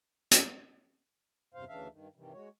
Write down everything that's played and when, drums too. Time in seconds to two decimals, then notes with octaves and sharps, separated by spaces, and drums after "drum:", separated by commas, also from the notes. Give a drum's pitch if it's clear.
0.31 drum: hi-hat
1.54 E2 G2 C3 C5 F5
1.68 D2 C#3 E3 D4 E5 F5
1.90 G2 D#3
2.16 G2 C3 D#3 E3 G3
2.33 G#3 F#4 C#5